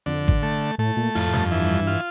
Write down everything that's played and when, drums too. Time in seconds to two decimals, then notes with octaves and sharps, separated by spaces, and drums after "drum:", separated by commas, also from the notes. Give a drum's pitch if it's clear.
0.06 F2 D3
0.28 drum: kick G#1
0.43 A3
0.78 A2 A3
0.97 A#2
1.15 F2 A2, drum: open hi-hat
1.27 A2
1.33 G2, drum: snare
1.51 E3
1.87 F4